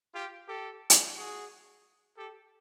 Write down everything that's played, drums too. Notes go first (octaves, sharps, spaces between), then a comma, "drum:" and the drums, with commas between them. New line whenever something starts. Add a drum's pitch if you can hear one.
F4 G4
G4 A4
drum: hi-hat
F#4 G#4
G4 A4